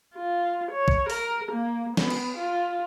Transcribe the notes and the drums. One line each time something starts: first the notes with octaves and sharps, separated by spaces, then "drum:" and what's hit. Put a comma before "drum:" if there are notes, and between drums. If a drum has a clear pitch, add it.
F4
C#5
drum: kick A1
A#4, drum: open hi-hat
A#3
B3, drum: snare
drum: cymbal
F4